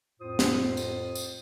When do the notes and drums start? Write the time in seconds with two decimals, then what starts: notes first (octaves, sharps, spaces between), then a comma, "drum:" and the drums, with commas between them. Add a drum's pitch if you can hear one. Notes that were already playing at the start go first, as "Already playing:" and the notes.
0.20 F2 A2 F4 C5 D#6
0.39 drum: snare
0.77 drum: tambourine
1.15 drum: tambourine